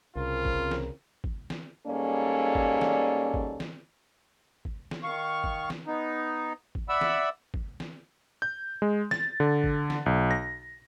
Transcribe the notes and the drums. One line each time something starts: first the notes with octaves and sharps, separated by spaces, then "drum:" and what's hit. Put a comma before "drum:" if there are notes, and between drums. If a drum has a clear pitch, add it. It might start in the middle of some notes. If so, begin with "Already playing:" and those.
C2 C#3 C4 F4 A#4
drum: kick G#1
drum: snare
drum: kick G#1
drum: snare
G#2 G3 A#3 C#4 A4 D5
drum: kick G#1
drum: snare
drum: kick G#1
drum: snare
drum: kick G#1
drum: snare
D#3 F5 C#6
drum: kick G#1
drum: snare
B3 D#4
drum: kick G#1
D5 E5 F#5 B5 E6
drum: snare
drum: kick G#1
drum: snare
G6
G#3
A6, drum: snare
D3
drum: kick G#1
drum: snare
B1
A#6